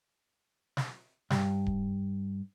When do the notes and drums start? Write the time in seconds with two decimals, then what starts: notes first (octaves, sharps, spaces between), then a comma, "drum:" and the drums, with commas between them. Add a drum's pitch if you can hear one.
0.77 drum: snare
1.30 G2, drum: snare
1.66 drum: kick D1